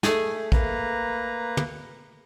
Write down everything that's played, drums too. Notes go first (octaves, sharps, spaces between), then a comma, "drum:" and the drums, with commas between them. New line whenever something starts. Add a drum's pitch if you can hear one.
A3 G#4 G#5, drum: snare
A#3 B4 A#5, drum: kick
drum: tom